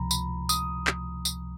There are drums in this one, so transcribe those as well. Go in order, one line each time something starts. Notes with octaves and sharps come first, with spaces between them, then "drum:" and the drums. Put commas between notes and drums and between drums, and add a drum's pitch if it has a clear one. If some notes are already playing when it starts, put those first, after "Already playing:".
Already playing: C#2 C3 F3 A#5 B5
B5, drum: tambourine
D#6, drum: tambourine
drum: clap
drum: tambourine